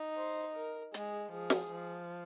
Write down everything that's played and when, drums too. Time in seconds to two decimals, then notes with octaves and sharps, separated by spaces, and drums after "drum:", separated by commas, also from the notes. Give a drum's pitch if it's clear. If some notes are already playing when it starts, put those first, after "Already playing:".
Already playing: D#4
0.17 C5
0.55 A#4
0.94 G#3 G#4, drum: hi-hat
1.33 F3 G#4
1.50 drum: snare
1.72 F3